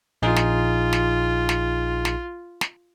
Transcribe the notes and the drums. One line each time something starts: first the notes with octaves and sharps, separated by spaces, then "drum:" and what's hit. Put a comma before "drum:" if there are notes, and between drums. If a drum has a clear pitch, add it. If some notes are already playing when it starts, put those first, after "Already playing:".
A#1 D#4 F4 G#4
drum: snare
drum: snare
drum: snare
drum: snare
drum: snare